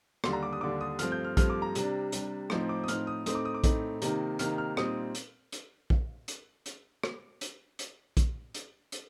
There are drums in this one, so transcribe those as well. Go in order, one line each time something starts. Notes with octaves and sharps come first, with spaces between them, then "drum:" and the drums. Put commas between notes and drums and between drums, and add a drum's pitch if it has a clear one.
D#2 D3 G3 D4 C6, drum: rim click
A#5
D6
D#6
D#2 D3 G3 D4 D6
D#6
G2 F3 A3 C4 F6, drum: hi-hat
G6
F6
G2 F3 A3 C4 F6, drum: kick A#1, hi-hat
D6
A#5
C3 G3 D4, drum: hi-hat
C3 G3 D4, drum: hi-hat
A2 F3 C4 D#4, drum: rim click
D6
D#6
A2 F3 C4 D#4 F6, drum: hi-hat
D#6
A2 A3 C4 D#4 D#6, drum: hi-hat
D6
D#6
D6
A2 A3 C4 D#4, drum: kick A#1, hi-hat
C3 D#3 A#3 D#4, drum: hi-hat
C3 D#3 A#3 D#4 F6, drum: hi-hat
F6
A#2 G3 C4 D#4 D#6, drum: rim click
drum: hi-hat
drum: hi-hat
drum: kick A#1
drum: hi-hat
drum: hi-hat
drum: rim click
drum: hi-hat
drum: hi-hat
drum: kick A#1, hi-hat
drum: hi-hat
drum: hi-hat